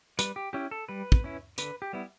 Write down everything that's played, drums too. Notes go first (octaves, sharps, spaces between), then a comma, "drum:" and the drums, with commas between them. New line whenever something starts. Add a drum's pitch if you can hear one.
G3 B4, drum: hi-hat
G4
C#4 E4 G4
A4
G3 B4
drum: kick
C#4 E4
D3 B4, drum: hi-hat
G4
G3 B3 E4